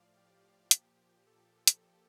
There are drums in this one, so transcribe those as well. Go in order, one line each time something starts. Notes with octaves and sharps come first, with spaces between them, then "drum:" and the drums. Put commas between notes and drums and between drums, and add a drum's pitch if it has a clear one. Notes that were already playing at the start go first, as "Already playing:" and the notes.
Already playing: A2 F3 D5 F5
G4
A#2 F3 G4, drum: hi-hat
A4
drum: hi-hat